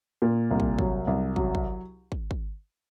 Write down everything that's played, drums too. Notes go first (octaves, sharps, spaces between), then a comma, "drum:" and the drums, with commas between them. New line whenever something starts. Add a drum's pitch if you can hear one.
A#2
C2
drum: kick
F#3, drum: kick
C2
F#3, drum: kick
drum: kick
drum: kick
drum: kick